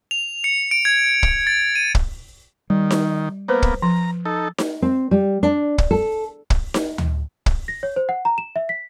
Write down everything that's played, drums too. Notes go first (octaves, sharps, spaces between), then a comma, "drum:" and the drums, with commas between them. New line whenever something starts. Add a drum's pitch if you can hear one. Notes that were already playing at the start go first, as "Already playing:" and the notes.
F7
C#7
D7
G#6
drum: kick
A6
D#7
drum: kick
D#3 G3
drum: snare D#4
A#3 B3 B4 C5
drum: kick
F3 A#5
D#4 A4
drum: snare D#4
C4
G3
D4
drum: kick
A4
drum: kick
drum: snare D#4
drum: tom D2
drum: kick
A#6
C#5
C5
F#5
A#5
E7
E5
B6